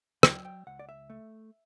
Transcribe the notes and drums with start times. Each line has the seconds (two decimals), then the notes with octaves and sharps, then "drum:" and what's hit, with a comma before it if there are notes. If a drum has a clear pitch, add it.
0.23 F#3 G5, drum: rim click
0.45 G5
0.67 C#2 F#5
0.79 D5
0.89 E5
1.10 A3